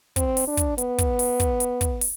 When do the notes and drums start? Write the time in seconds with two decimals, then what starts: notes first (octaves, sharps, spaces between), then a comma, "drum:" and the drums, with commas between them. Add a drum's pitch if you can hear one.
0.16 C4, drum: kick, hi-hat
0.37 drum: open hi-hat
0.47 D4
0.57 drum: kick, hi-hat
0.78 B3, drum: hi-hat
0.98 drum: kick, hi-hat
1.19 drum: open hi-hat
1.40 drum: kick, hi-hat
1.60 drum: hi-hat
1.81 drum: kick, hi-hat
2.01 drum: open hi-hat